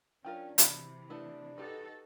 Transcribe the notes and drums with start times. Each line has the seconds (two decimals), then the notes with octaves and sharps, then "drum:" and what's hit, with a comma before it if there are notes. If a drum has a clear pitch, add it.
0.25 F#3 C#4 D4 F4 A#4 G5
0.58 C3 E3 F#4 B5, drum: hi-hat
1.10 A3 B3 D4 E4
1.58 D#4 F#4 G4 A4 B4